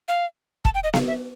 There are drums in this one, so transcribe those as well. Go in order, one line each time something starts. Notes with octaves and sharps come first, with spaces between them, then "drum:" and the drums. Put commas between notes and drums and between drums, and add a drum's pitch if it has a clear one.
F5
A5, drum: kick
G5
D#5
F5, drum: snare B3
E5